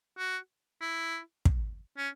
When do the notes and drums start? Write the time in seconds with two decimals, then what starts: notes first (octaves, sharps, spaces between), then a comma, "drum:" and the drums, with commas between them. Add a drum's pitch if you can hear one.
0.18 F#4
0.81 E4
1.45 drum: kick
1.97 C#4